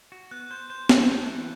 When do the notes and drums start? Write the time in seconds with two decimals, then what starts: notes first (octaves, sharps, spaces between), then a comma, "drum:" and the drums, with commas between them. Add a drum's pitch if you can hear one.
0.12 F#4
0.31 B3 F#6
0.51 C5 G6
0.70 C5 G6
0.89 F#4, drum: snare
1.09 A4
1.29 E3